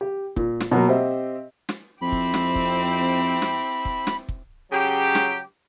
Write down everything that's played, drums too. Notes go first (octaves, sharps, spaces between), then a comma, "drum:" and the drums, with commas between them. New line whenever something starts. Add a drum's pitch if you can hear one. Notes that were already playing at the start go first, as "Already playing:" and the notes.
G4
A#2, drum: kick
drum: snare
B2 F#3 A#3
C4 G4 D#5 E5
drum: snare
F2 C4 E4 G4 B5
drum: kick
drum: snare
drum: kick
drum: snare
drum: kick
drum: snare
drum: kick
C#3 F#3 G4
drum: snare